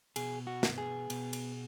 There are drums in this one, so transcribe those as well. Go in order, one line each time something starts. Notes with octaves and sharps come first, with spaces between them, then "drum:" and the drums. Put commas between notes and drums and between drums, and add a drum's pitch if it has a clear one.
B2 G#4, drum: cymbal
F#4
B3, drum: snare
G#4
B2, drum: cymbal
drum: cymbal